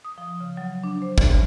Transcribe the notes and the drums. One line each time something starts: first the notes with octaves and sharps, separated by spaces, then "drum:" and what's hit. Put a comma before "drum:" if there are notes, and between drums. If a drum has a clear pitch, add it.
D#6
F3
C#3
F#3
D4
C5
E3, drum: kick
G#2